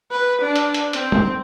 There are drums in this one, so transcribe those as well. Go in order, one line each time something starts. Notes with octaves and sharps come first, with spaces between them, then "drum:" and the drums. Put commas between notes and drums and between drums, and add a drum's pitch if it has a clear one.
B4
D4
drum: hi-hat
drum: hi-hat
C4, drum: hi-hat
drum: tom